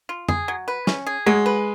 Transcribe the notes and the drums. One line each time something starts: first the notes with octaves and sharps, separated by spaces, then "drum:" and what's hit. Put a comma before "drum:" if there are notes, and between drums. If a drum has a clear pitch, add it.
F4
G#4, drum: tom F2
F#3
B4
C#4, drum: snare
G#4
F#3 G#3
B4